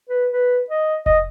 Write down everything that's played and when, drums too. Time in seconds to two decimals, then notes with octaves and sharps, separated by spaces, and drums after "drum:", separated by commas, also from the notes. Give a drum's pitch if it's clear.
0.09 B4
0.33 B4
0.70 D#5
1.06 D#5, drum: kick F1